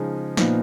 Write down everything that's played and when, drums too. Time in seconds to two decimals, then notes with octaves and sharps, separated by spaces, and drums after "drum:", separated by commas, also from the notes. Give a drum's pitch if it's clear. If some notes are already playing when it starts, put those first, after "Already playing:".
Already playing: C#3 F3 G#3 D#4
0.37 A#2 F3 B3 D#4, drum: snare